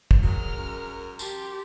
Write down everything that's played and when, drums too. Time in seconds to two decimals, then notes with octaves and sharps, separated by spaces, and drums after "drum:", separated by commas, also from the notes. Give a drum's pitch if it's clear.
0.11 drum: kick
0.23 F#3 G#3 A#4 F6
0.57 F#2
1.19 G4 A5 C6, drum: tambourine